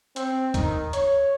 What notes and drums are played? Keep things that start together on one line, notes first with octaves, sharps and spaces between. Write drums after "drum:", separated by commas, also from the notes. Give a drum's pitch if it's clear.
C4, drum: hi-hat
D#3, drum: kick, hi-hat
C#5, drum: hi-hat